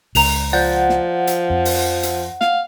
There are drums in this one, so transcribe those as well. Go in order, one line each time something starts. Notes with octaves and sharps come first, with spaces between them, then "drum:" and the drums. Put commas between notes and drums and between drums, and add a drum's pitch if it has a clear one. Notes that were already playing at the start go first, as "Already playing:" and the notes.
C#2 C#3 A#5 F7, drum: open hi-hat
F3 D5 F#5 G6
drum: snare
drum: hi-hat
F2
drum: open hi-hat
drum: hi-hat
F5, drum: snare